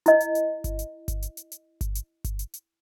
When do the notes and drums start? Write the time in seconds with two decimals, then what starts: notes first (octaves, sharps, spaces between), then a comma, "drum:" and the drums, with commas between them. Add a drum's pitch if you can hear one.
0.06 E4 D#5, drum: hi-hat
0.20 drum: hi-hat
0.35 drum: hi-hat
0.64 drum: kick G1, hi-hat
0.79 drum: hi-hat
1.08 drum: kick G1, hi-hat
1.22 drum: hi-hat
1.37 drum: hi-hat
1.52 drum: hi-hat
1.81 drum: kick G1, hi-hat
1.95 drum: hi-hat
2.24 drum: kick G1, hi-hat
2.39 drum: hi-hat
2.54 drum: hi-hat